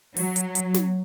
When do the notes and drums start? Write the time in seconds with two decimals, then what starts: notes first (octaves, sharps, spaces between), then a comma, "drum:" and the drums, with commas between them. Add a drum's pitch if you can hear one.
0.17 F#3, drum: open hi-hat
0.36 drum: hi-hat
0.55 drum: hi-hat
0.74 drum: snare